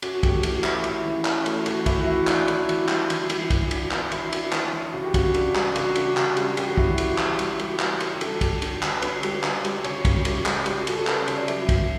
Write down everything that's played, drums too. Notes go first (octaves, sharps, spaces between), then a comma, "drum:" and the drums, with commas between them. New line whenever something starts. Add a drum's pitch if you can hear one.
C#4 F#4, drum: cymbal
A3 G4, drum: kick, cymbal
E3 F#4, drum: cymbal
E3 E4, drum: clap
C#4, drum: cymbal
E4
E3
C#4, drum: clap
A3, drum: cymbal
E3 F#4, drum: cymbal
E3 E4, drum: kick, cymbal
F#4
E3 E4
D4 F#4, drum: clap
E3 E4, drum: cymbal
E3, drum: cymbal
G3, drum: clap
E3, drum: cymbal
E3, drum: cymbal
B3, drum: kick, cymbal
D4, drum: cymbal
B3, drum: clap
E3 E4, drum: cymbal
D4, drum: cymbal
E3, drum: clap
E3
C#3 F#4
G4
C#3 F#4, drum: kick, cymbal
D4, drum: cymbal
G3, drum: clap
C#3 F#4, drum: cymbal
D4, drum: cymbal
C#3, drum: clap
G3, drum: cymbal
C#4 G4, drum: cymbal
F#4
E3 E4, drum: kick
F#4
E3, drum: cymbal
E3, drum: clap
G3, drum: cymbal
G3, drum: cymbal
G3, drum: clap
C#4, drum: cymbal
G4
D3 A4, drum: cymbal
G3, drum: kick, cymbal
D3, drum: cymbal
D3, drum: clap
B4
D3 C#5, drum: cymbal
G3, drum: cymbal
D3, drum: clap
G3, drum: cymbal
C#3 C#5, drum: cymbal
C#3, drum: kick, cymbal
G3, drum: cymbal
G3, drum: clap
G3, drum: cymbal
C#4, drum: cymbal
A4
C#4 B4, drum: clap
C#5
C#3, drum: cymbal
D5
F#3 E5, drum: cymbal
B3, drum: kick, cymbal